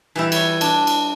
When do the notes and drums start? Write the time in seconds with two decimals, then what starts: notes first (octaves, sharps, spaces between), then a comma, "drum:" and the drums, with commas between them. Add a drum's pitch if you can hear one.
0.16 E3 G3 E4
0.32 C#5, drum: cymbal
0.61 D4, drum: cymbal
0.87 drum: cymbal